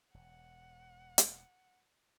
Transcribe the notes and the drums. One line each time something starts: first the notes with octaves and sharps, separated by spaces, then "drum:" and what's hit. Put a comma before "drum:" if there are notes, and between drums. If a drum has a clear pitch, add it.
E1 F#5
drum: hi-hat